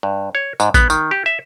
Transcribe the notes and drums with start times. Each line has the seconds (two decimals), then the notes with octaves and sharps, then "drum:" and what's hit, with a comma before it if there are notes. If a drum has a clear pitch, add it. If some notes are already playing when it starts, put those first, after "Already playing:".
0.03 G2
0.35 C#5
0.60 G#2, drum: tambourine
0.74 B3, drum: kick, tambourine
0.90 D#3, drum: tambourine
1.11 G4
1.26 E5